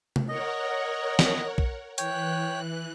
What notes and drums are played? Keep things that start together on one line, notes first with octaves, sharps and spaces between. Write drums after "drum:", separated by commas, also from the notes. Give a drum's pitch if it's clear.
drum: tom C3
A#4 C#5 D#5 F#5
drum: snare
drum: kick
E3 C#5 G5 F#6, drum: hi-hat